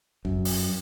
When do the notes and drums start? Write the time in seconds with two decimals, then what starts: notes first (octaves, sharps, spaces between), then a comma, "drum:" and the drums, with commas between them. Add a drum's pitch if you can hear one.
0.25 F#2, drum: kick
0.45 drum: open hi-hat